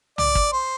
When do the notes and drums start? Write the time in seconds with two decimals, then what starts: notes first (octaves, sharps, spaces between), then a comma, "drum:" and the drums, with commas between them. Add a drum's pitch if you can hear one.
0.18 D5, drum: tom C2
0.35 drum: kick
0.52 C5